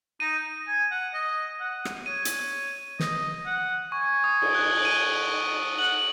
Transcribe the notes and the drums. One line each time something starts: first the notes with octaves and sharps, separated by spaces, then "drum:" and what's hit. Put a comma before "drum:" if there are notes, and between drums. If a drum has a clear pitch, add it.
D#4 D#7
G#5
F#5
D#5
F#5
drum: rim click
C#5 D#7
drum: hi-hat
D#5, drum: snare
F#5
G#5 C#6
D#6
drum: cymbal
F#6
D#7
F#5 F#7